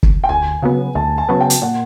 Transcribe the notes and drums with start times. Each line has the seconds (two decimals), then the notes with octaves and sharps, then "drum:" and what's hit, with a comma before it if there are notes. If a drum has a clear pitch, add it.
0.03 drum: kick
0.24 G5
0.29 D2 G#5
0.62 C#3 F#3 B3
0.95 D2 A5
1.18 A5
1.29 C#3 F#3 B3
1.40 G5
1.50 drum: hi-hat
1.62 A#2 F#5